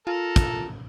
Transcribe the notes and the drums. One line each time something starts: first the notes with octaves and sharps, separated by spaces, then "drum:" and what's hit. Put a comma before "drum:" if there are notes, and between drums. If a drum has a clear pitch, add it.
F4 A4 A#4
drum: kick, hi-hat